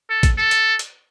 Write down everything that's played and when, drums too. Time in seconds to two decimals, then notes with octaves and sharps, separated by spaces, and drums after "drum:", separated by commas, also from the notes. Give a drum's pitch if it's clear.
0.10 A4
0.23 drum: kick, hi-hat
0.38 A4
0.51 drum: hi-hat
0.79 drum: hi-hat